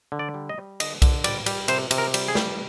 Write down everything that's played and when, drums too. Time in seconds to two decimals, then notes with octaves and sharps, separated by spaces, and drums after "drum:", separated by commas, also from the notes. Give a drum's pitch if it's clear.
0.12 D3
0.19 D5
0.34 G3
0.49 D#5
0.58 G3
0.80 D3 D#5, drum: cymbal
1.02 D3, drum: kick B1, cymbal
1.24 G3 D5, drum: cymbal
1.46 G3, drum: cymbal
1.68 C3 C5, drum: cymbal
1.91 C3, drum: cymbal
1.98 A#4
2.14 G3, drum: cymbal
2.28 G#4
2.35 G3, drum: snare